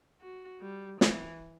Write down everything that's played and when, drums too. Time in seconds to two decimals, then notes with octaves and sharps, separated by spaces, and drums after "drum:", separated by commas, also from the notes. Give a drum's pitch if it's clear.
0.21 F#4
0.61 G3
1.01 E3, drum: snare